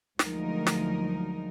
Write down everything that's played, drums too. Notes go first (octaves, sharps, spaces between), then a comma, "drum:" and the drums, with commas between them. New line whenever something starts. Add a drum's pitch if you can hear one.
D2 F3 F#3 G#3 D#4 A#4, drum: snare
drum: snare